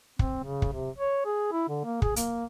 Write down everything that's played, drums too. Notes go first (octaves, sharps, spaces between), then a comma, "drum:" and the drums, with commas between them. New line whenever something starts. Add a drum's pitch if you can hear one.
C4, drum: kick
C#3
drum: kick
C3
C#5
G#4
E4
D3
A#3
G#4, drum: kick
A#3, drum: hi-hat